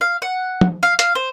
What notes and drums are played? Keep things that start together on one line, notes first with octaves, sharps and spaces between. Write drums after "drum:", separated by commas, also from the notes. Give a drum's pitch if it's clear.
F5
F#5
drum: tom
F5
F5, drum: hi-hat
C5